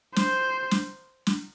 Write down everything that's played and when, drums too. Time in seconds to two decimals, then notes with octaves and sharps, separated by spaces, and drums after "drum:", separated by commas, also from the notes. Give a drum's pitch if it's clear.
0.16 C5, drum: snare
0.71 drum: snare
1.27 drum: snare